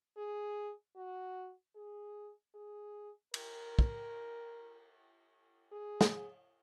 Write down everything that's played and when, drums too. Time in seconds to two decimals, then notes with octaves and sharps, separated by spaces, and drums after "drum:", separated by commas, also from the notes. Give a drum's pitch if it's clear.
0.17 G#4
0.96 F#4
1.76 G#4
2.55 G#4
3.34 A#4, drum: cymbal
3.79 drum: kick
5.72 G#4
6.01 drum: snare